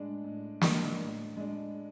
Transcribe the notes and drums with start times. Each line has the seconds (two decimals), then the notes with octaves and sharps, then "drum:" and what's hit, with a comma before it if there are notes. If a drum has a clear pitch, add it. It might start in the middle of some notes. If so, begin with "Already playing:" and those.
Already playing: A2 G#3 D4
0.24 A2
0.61 G#3 D4, drum: snare
0.99 A2
1.37 G#3 D4